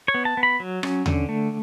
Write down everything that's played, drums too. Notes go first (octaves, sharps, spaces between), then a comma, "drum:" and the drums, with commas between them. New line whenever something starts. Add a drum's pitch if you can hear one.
C#5
B3
A5
B3
B5
F#3
C#4, drum: rim click
D3, drum: tom D#2
A3